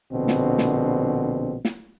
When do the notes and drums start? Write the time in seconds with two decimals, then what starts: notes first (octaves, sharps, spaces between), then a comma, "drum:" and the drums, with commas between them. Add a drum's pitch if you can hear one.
0.13 A#1 B2 D3 C4
0.28 drum: snare
0.58 drum: snare
1.65 drum: snare